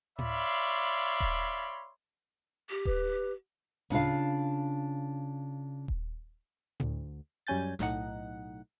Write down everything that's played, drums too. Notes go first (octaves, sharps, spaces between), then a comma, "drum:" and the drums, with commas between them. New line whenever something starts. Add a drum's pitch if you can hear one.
C#5 D5 E5 F5 B5 C6, drum: tom A2
drum: kick D#1
G4
B4, drum: kick D#1
C#3 D4 F4 F5, drum: tom A2
drum: kick D#1
D2, drum: tom A2
F#2 G3 C#4 G#5 G6 A6
B1 A2 D#4 F#5, drum: snare